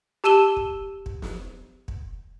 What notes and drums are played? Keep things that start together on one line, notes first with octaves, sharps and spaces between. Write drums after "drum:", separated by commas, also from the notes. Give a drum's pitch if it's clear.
G4 A5 E6 D#7 E7 G7
drum: kick
drum: kick
drum: snare
drum: kick